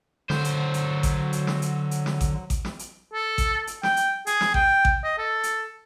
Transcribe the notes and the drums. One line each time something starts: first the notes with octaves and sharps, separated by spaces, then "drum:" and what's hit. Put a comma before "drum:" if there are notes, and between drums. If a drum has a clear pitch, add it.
D3 F#3 C5, drum: snare
drum: hi-hat
drum: hi-hat
drum: kick A1, hi-hat
drum: hi-hat
drum: snare
drum: hi-hat
drum: hi-hat
drum: snare
drum: kick A1, hi-hat
drum: kick A1, hi-hat
drum: snare
drum: hi-hat
A4
drum: kick A1, hi-hat
drum: hi-hat
G5, drum: snare
drum: hi-hat
G#4, drum: hi-hat
drum: snare
G5, drum: kick A1
drum: kick A1
D#5
A4
drum: hi-hat